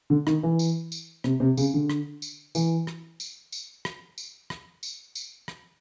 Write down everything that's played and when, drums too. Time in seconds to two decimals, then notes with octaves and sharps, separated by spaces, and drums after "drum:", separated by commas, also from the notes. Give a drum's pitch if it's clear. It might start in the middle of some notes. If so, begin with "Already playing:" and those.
0.10 D3
0.27 D#3, drum: rim click
0.43 E3
0.59 drum: tambourine
0.92 drum: tambourine
1.24 C3, drum: rim click
1.40 C3
1.57 C#3, drum: tambourine
1.74 D3
1.90 drum: rim click
2.22 drum: tambourine
2.55 E3, drum: tambourine
2.87 drum: rim click
3.20 drum: tambourine
3.52 drum: tambourine
3.85 drum: rim click
4.18 drum: tambourine
4.50 drum: rim click
4.83 drum: tambourine
5.15 drum: tambourine
5.48 drum: rim click